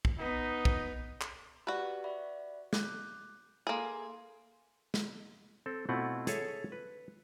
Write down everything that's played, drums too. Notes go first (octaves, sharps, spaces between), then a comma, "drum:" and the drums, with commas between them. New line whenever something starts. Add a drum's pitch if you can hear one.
drum: kick
B3 D#4
drum: kick
drum: clap
F#4 G4 B4 D5
D5 E5 B5
D6 F#6 G6, drum: snare
A#3 G#4 A4 C6
drum: snare
C4 A4
B2 A3 C4 E4 F4 F#5
G#4 A4 C#5 E5, drum: hi-hat
B4